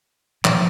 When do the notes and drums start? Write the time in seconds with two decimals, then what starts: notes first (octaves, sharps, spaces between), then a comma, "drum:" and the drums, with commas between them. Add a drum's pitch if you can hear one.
0.45 A#2 F3, drum: clap